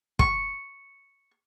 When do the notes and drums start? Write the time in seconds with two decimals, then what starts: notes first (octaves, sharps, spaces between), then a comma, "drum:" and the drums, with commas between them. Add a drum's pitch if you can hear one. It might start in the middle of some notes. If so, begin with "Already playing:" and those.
0.19 C#6, drum: kick